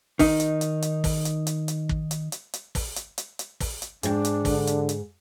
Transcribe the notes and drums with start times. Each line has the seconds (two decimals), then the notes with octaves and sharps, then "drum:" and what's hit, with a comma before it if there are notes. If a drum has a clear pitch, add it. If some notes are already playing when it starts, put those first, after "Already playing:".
0.19 D#3 D#4, drum: kick, open hi-hat
0.40 drum: hi-hat
0.61 drum: hi-hat
0.82 drum: hi-hat
1.04 drum: kick, open hi-hat
1.25 drum: hi-hat
1.47 drum: hi-hat
1.68 drum: hi-hat
1.89 drum: kick
2.11 drum: hi-hat
2.32 drum: hi-hat
2.53 drum: hi-hat
2.75 drum: kick, open hi-hat
2.96 drum: hi-hat
3.18 drum: hi-hat
3.39 drum: hi-hat
3.60 drum: kick, open hi-hat
3.82 drum: hi-hat
4.03 G#2 D4 B4 G5, drum: hi-hat
4.25 drum: hi-hat
4.45 D3, drum: kick, open hi-hat
4.67 drum: hi-hat
4.89 drum: hi-hat